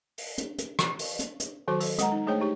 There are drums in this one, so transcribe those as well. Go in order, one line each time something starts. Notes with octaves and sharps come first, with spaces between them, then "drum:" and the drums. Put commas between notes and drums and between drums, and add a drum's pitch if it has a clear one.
drum: open hi-hat
drum: hi-hat
drum: hi-hat
drum: rim click
drum: open hi-hat
drum: hi-hat
drum: hi-hat
D#3 F#3 F#4 C5 C6 D6
A4, drum: open hi-hat
G#3 F#5 A#5, drum: hi-hat
D#4
A3 D4 G#4 C5 C#5 G5
D#4 G4 C#5